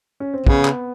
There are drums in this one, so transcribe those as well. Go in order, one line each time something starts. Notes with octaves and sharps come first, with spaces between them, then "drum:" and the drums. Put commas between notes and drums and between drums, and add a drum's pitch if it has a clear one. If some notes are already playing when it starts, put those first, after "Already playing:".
C#4
C4
C#3 B3, drum: kick
drum: clap